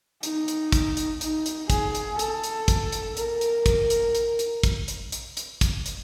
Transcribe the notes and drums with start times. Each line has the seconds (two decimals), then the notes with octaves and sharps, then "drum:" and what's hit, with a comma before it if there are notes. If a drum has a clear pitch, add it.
0.23 D#4, drum: hi-hat
0.48 drum: hi-hat
0.72 drum: kick, hi-hat
0.97 drum: hi-hat
1.21 D#4, drum: hi-hat
1.46 drum: hi-hat
1.70 G#4, drum: kick, hi-hat
1.95 drum: hi-hat
2.19 A4, drum: hi-hat
2.44 drum: hi-hat
2.68 drum: kick, hi-hat
2.92 drum: hi-hat
3.17 A#4, drum: hi-hat
3.41 drum: hi-hat
3.66 drum: kick, hi-hat
3.90 drum: hi-hat
4.15 drum: hi-hat
4.39 drum: hi-hat
4.64 drum: kick, hi-hat
4.88 drum: hi-hat
5.12 drum: hi-hat
5.37 drum: hi-hat
5.61 drum: kick, hi-hat
5.86 drum: hi-hat